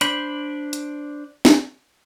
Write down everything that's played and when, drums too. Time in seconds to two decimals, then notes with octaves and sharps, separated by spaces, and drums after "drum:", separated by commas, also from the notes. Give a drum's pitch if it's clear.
0.01 D4 C5 B5, drum: hi-hat
0.73 drum: hi-hat
1.45 drum: snare D4